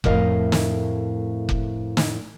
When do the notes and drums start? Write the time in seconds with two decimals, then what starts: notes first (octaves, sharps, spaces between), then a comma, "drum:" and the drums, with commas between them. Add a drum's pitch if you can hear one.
0.04 F2 A2 A3 A#4 D#5 F5, drum: kick F1
0.52 drum: snare
1.49 drum: kick F1
1.97 drum: snare